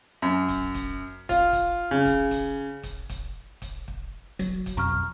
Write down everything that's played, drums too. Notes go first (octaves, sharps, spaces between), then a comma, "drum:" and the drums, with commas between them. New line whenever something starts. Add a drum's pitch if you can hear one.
F#2
drum: kick, hi-hat
drum: kick, hi-hat
F4, drum: kick, hi-hat
drum: kick, hi-hat
C#3
drum: kick, hi-hat
drum: kick, hi-hat
drum: kick, hi-hat
drum: kick, hi-hat
drum: kick, hi-hat
drum: kick
F#3, drum: kick, hi-hat
drum: kick, hi-hat
B1 F2 A#5 C#6 F6